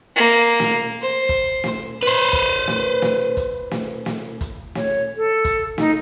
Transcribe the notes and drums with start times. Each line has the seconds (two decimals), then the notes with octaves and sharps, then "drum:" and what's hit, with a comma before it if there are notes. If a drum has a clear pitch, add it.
0.16 A#3
0.60 drum: snare
1.01 C5
1.29 drum: kick, hi-hat
1.64 drum: snare
2.03 B4 C5
2.33 drum: kick, hi-hat
2.67 drum: snare
3.02 drum: snare
3.37 drum: kick, hi-hat
3.71 drum: snare
4.06 drum: snare
4.41 drum: kick, hi-hat
4.75 C#5, drum: snare
5.17 A4
5.45 drum: kick, hi-hat
5.78 D#4, drum: snare